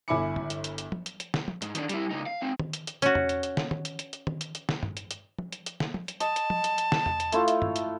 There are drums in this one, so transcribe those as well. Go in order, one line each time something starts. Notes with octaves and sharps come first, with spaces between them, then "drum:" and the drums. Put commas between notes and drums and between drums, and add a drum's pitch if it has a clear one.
G1 E4 G#5 B5 D6 C#7
drum: tom G2
drum: hi-hat
drum: hi-hat
drum: hi-hat
drum: tom
drum: hi-hat
drum: hi-hat
drum: snare
drum: tom
G#2, drum: hi-hat
D#3 D4, drum: hi-hat
G3 E4, drum: hi-hat
C#2 D#4
F5
C4 D#4
drum: tom D#3
drum: hi-hat
drum: hi-hat
C#4 F#4, drum: hi-hat
drum: tom E2
drum: hi-hat
drum: hi-hat
drum: snare
drum: tom D#3
drum: hi-hat
drum: hi-hat
drum: hi-hat
drum: tom D#3
drum: hi-hat
drum: hi-hat
drum: snare
drum: tom G2
drum: hi-hat
drum: hi-hat
drum: tom
drum: hi-hat
drum: hi-hat
drum: snare
drum: tom
drum: hi-hat
D#5 A5, drum: hi-hat
drum: hi-hat
drum: tom
drum: hi-hat
drum: hi-hat
drum: snare
drum: tom E2
drum: hi-hat
A3 E4 F4, drum: hi-hat
drum: hi-hat
drum: tom G2
drum: hi-hat